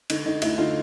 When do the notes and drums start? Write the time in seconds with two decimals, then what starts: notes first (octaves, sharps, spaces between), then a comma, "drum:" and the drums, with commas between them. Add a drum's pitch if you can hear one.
0.10 D3 D#4, drum: cymbal
0.26 D3 D#4
0.42 D2 E4, drum: cymbal
0.58 D3 D#4 F4